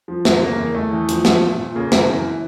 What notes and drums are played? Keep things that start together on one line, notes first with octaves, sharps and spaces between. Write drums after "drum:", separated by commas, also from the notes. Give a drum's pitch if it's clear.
F3
F#2, drum: snare
C#3 A#3
E2
E3 A3
E2
F3, drum: hi-hat
F3, drum: snare
A#2
A#2
C#3 A#3
F#2, drum: snare
E3